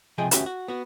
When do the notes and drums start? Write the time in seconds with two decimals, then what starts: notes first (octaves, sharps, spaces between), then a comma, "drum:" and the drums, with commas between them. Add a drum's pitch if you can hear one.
0.18 C#2 C3 F3 G#4 D#5 G5
0.31 D2 B3 C#4 F#4 G4 E5, drum: hi-hat
0.46 F#4
0.68 B3 F#4